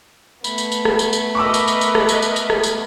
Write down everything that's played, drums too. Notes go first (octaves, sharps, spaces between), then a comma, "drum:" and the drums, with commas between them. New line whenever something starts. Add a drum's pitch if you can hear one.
A3 B3 B5, drum: tambourine
drum: tambourine
drum: tambourine
drum: rim click
drum: tambourine
drum: tambourine
A#4 B4 D#5 C#6 D6 E6
drum: tambourine
drum: tambourine
drum: tambourine
drum: rim click
drum: tambourine
drum: tambourine
drum: tambourine
drum: rim click
drum: tambourine